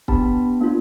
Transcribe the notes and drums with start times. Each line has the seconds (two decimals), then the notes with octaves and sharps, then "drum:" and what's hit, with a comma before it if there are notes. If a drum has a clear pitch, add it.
0.08 B3 D4 G4 A5 B5, drum: kick C#1
0.61 A#3 D4 F4